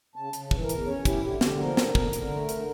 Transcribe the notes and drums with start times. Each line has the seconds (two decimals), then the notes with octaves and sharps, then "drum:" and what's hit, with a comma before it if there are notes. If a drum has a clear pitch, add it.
0.15 C#3 A5
0.33 C#3, drum: hi-hat
0.51 E3, drum: kick
0.63 A#4
0.69 E2, drum: hi-hat
0.87 C#4 C#5
1.05 E4 G4, drum: kick, hi-hat
1.23 D3 G4
1.41 D3 G4, drum: snare
1.59 F3 A#4
1.77 D3, drum: snare
1.95 D3, drum: kick
2.13 D3, drum: hi-hat
2.31 A3
2.49 D3, drum: hi-hat